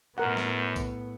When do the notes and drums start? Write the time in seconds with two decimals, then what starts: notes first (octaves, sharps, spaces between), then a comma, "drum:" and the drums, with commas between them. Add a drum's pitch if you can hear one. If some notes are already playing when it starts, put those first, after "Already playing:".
0.18 F#2 A2 B3 A#4 F#5
0.37 drum: snare
0.76 drum: kick, tambourine